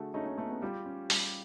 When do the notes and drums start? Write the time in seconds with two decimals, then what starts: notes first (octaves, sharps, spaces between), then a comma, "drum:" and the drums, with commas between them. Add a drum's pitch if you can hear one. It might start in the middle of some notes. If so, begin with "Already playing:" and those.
Already playing: D3 A3 F#4 G#4
0.14 A3 C#4 D#4
0.26 C#4 D#4
0.38 A3 B3 C#4
0.50 B3 C#4
0.62 G3 F4 G4
0.86 C#4
1.10 G3, drum: open hi-hat